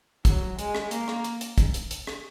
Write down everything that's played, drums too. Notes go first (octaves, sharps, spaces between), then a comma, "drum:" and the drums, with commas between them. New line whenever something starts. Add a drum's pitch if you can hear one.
F#3, drum: kick, hi-hat
G#3, drum: hi-hat
drum: rim click
A#3, drum: hi-hat
drum: rim click
drum: hi-hat
drum: hi-hat
drum: kick, hi-hat
drum: hi-hat
drum: hi-hat
drum: rim click